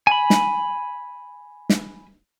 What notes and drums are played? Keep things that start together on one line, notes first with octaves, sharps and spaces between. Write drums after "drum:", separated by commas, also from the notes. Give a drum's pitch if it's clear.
G#5 B5
drum: snare
drum: snare